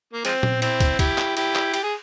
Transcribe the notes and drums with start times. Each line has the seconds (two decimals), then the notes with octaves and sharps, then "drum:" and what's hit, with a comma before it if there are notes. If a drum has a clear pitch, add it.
0.13 A#3
0.25 F3 G#3 C4, drum: cymbal
0.43 drum: tom A#2
0.62 C4 E4, drum: cymbal
0.80 drum: kick, cymbal
0.99 E4 G4, drum: kick, cymbal
1.18 drum: clap
1.37 E4 G4, drum: cymbal
1.55 drum: clap
1.74 G4, drum: cymbal
1.84 G#4